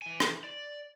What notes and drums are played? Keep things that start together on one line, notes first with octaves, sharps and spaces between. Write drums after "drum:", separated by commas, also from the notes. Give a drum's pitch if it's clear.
E3 G#5
drum: rim click
D5